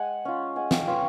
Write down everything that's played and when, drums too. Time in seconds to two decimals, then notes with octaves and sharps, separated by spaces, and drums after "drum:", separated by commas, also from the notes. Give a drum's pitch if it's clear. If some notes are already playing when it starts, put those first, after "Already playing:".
Already playing: G#3 F#5 G#5
0.25 C#4 F4
0.56 G#3 F#5 G#5
0.71 F5 G5, drum: snare
0.87 C#4 F4 B4 C#5